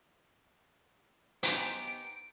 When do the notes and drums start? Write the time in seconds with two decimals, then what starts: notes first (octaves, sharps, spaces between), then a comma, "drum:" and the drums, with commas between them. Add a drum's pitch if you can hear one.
1.43 B3 D#4 G4 C5 G#5 A#5 D7, drum: hi-hat